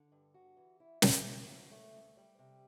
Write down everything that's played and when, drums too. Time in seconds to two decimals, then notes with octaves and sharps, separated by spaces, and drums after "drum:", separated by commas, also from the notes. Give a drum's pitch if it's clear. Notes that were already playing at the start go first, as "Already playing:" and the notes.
Already playing: D3
0.12 G2
0.34 F#4
0.57 E3
0.80 E4
1.02 E4, drum: snare
1.25 F#3
1.48 D2
1.71 A3
1.93 D2
2.17 G3
2.39 C3